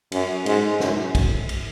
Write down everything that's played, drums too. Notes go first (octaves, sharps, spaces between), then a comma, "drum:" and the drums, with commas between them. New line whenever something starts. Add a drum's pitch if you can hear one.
F#2, drum: cymbal
G#2, drum: cymbal
F#2, drum: snare
drum: kick, cymbal
drum: cymbal